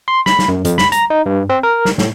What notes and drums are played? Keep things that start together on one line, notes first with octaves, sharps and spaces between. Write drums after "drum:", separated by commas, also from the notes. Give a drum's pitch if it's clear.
C6
B5, drum: snare
drum: snare
F#2
F2, drum: hi-hat
B5, drum: snare
A#5, drum: hi-hat
D#4
G2
C4
A#4
drum: snare
A2, drum: snare